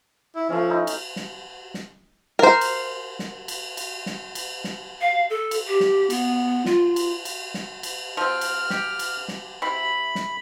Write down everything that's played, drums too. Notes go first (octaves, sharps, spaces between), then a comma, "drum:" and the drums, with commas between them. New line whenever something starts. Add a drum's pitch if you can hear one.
E4
F3 A3 C#4
D#4 E4
drum: cymbal
drum: snare
drum: snare
A#4 C5
drum: cymbal
drum: snare
drum: cymbal
drum: cymbal
drum: snare
drum: cymbal
drum: snare
F5
A4
drum: cymbal
G4
drum: snare
B3, drum: cymbal
F4, drum: snare
drum: cymbal
drum: cymbal
drum: snare
drum: cymbal
F3 C4 F6
drum: cymbal
G4, drum: snare
drum: cymbal
drum: snare
C3 E4 B5
drum: snare